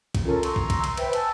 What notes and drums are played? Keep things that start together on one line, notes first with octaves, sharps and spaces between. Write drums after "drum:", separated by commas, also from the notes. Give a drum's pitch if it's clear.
drum: kick, cymbal
C#4 F4 A4 A#4
A#5 C6 C#6 E6, drum: cymbal
drum: kick
drum: kick, cymbal
drum: cymbal
B4 C5 E5 G5, drum: cymbal
G#5 A5 E6, drum: cymbal